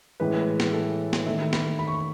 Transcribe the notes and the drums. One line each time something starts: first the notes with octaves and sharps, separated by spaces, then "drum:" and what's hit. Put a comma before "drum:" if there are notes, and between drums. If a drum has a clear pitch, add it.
A2 E3 G#3 B4
drum: snare
A4
drum: snare
D#3 A3 E5
B5, drum: snare
B5
C#6
B5